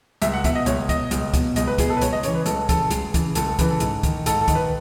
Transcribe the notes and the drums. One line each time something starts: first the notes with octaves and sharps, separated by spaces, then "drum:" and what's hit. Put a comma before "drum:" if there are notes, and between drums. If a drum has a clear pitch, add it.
C#2 E5, drum: hi-hat
F#5
B2 E5, drum: kick, hi-hat
D#5
C#2 C#5, drum: hi-hat
B2 D#5, drum: kick, hi-hat
C#2, drum: hi-hat
B2, drum: kick, hi-hat
C#2 D#5, drum: hi-hat
B4
B2 G#4, drum: kick, hi-hat
A4
B4
C#2 C#5, drum: hi-hat
D#5
C#3 E3 C#5, drum: hi-hat
B4
C#2 A4, drum: hi-hat
C#3 E3 A4, drum: kick, hi-hat
C#2 G#4, drum: hi-hat
C#3 E3, drum: kick, hi-hat
C#2 A4, drum: hi-hat
A4
C#3 E3 B4, drum: kick, hi-hat
A4
G#2, drum: hi-hat
D#3, drum: kick, hi-hat
G#2 A4, drum: hi-hat
A4
D#3, drum: kick, hi-hat
B4